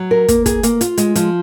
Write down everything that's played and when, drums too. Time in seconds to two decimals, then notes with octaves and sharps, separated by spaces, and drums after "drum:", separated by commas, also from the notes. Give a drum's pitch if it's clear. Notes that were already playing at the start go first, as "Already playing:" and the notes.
Already playing: F#3
0.11 A#4
0.28 A#3, drum: kick, hi-hat
0.46 G#4, drum: kick, hi-hat
0.63 A#3, drum: hi-hat
0.81 F4, drum: hi-hat
0.98 G#3, drum: hi-hat
1.15 F3, drum: hi-hat